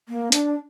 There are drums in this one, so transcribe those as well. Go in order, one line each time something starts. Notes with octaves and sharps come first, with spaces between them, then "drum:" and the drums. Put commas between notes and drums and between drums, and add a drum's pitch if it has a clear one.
A#3
D4, drum: hi-hat